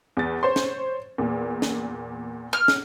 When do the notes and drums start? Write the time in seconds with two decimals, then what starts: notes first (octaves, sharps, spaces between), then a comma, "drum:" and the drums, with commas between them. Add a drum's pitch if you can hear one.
0.17 E2 A6
0.43 C5 C#5 C6
0.56 drum: snare
1.18 E2 A#2
1.62 drum: snare
2.53 F6
2.68 drum: snare